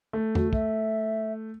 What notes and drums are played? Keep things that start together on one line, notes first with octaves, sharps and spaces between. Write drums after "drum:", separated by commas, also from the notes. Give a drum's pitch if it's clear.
A3
F#4, drum: tom E2
E5, drum: kick